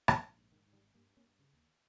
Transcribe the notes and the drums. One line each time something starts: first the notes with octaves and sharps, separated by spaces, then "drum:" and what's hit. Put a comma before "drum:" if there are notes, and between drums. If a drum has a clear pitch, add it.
G#2, drum: rim click
A#1
G#2
G#2 D#3
G#2
D#3 G3
G#1
G2 G3 A#3
G2
A#3 C#4
G2
C#3
D#2